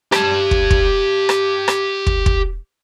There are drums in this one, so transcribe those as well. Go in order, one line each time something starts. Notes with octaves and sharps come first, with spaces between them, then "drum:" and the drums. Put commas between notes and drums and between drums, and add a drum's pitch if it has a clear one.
G4 A5, drum: rim click
drum: kick
drum: kick
drum: rim click
drum: rim click
drum: kick
drum: kick